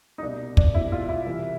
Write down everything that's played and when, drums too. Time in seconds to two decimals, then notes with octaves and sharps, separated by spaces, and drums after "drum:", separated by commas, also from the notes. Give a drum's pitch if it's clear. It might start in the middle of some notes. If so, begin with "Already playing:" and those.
0.18 D#4
0.22 C2 B2 D4
0.57 D4, drum: kick
0.75 C2 B2 E4
0.92 F4
1.09 E4
1.26 C2 C3 E3